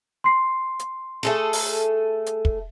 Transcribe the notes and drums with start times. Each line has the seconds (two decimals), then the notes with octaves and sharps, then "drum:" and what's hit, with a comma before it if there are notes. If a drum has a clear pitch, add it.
0.24 C6 C7
0.79 drum: hi-hat
1.23 A3 G#4 A4
1.53 drum: open hi-hat
2.26 drum: hi-hat
2.45 drum: kick